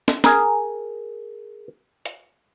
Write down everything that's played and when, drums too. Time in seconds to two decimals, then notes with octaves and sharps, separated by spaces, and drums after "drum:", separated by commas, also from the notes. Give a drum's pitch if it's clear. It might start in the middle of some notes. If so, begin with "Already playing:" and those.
0.08 drum: snare
0.24 G#4 A#4, drum: snare
2.05 drum: hi-hat